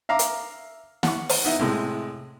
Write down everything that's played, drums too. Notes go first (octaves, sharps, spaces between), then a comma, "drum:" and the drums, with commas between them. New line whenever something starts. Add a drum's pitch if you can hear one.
E5 F5 A#5 D6
drum: hi-hat
F#5 C#6, drum: snare
drum: open hi-hat
B3 D#4 E4
A2 C3 G#3